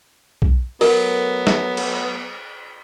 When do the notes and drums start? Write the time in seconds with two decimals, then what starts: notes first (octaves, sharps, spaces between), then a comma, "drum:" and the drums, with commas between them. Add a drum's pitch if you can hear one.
0.42 drum: kick B1
0.81 F#3 A3 B3 A#4, drum: open hi-hat
1.47 drum: snare
1.77 drum: cymbal